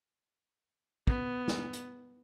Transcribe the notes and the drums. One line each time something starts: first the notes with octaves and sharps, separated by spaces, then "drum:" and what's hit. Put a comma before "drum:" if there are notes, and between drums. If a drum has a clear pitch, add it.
B3, drum: kick
drum: snare
drum: hi-hat